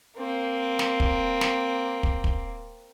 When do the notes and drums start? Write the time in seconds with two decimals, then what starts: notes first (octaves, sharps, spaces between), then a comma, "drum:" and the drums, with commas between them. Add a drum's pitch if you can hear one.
0.17 A#3 C4
0.79 drum: snare
1.00 drum: kick
1.41 drum: snare
2.03 drum: kick
2.24 drum: kick